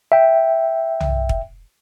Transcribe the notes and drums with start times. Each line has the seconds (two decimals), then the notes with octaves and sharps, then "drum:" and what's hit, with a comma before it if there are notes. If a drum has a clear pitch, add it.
0.12 E5 G5
1.00 drum: tom
1.29 drum: kick